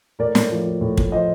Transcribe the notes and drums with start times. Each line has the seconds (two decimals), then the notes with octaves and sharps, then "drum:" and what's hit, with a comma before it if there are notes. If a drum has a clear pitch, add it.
0.19 A2 A#4 D5
0.35 A2, drum: snare
0.51 F3
0.66 F3
0.81 A2
0.97 A2, drum: kick
1.12 F3 C5 D#5